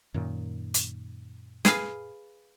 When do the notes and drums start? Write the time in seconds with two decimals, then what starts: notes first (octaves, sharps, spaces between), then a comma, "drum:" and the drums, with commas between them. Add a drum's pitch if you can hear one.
0.14 F#2 A#2 D#3
0.74 drum: hi-hat
1.65 G#4 B4 F5, drum: snare